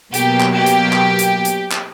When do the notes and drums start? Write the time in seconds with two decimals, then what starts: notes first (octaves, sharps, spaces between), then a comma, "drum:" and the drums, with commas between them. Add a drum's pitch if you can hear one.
0.14 B2 F#3 A#3 G4, drum: hi-hat
0.40 drum: clap
0.53 G4
0.66 drum: hi-hat
0.93 drum: clap
1.19 drum: hi-hat
1.45 drum: hi-hat
1.71 drum: clap